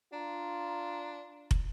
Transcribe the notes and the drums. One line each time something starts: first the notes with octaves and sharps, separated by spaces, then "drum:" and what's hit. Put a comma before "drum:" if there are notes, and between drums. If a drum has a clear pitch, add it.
D4 F4 A#5
drum: kick